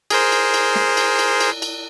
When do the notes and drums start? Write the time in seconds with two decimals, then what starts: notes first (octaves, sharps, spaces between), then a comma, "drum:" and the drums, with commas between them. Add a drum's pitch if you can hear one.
0.10 G#4 A#4 C5, drum: cymbal
0.32 drum: cymbal
0.54 drum: cymbal
0.75 drum: snare
0.97 drum: cymbal
1.19 drum: cymbal
1.40 drum: cymbal
1.62 drum: cymbal